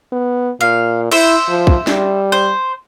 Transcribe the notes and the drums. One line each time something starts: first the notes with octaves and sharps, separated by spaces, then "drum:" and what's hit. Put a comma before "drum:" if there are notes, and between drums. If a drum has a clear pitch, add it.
B3
A#2 F5
E4 C5 E5, drum: cymbal
F3
drum: kick
G3, drum: snare
C5